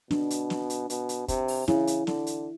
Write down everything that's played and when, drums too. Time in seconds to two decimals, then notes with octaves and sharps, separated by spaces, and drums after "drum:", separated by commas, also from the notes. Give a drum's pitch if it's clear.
0.11 B2 D4, drum: snare
0.30 drum: hi-hat
0.50 drum: snare
0.70 drum: hi-hat
0.90 B2, drum: hi-hat
1.09 drum: hi-hat
1.28 C3, drum: kick, hi-hat
1.48 drum: open hi-hat
1.68 C#3 E4, drum: snare
1.87 drum: hi-hat
2.07 D3, drum: snare
2.27 drum: hi-hat